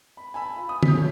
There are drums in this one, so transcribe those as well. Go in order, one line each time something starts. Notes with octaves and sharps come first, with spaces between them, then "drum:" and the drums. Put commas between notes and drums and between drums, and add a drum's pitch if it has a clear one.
B5
G#5 A5 B5 E6
F4
D#6
F#2 C#4 G6 B6, drum: tom
B2 A3 C#4 D4